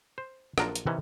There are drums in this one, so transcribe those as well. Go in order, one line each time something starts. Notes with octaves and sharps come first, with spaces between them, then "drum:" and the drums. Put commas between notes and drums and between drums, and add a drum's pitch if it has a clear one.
C5
A#1 F#3 D4 F4 A#4, drum: rim click
drum: hi-hat
C3 D#3 E3 C#4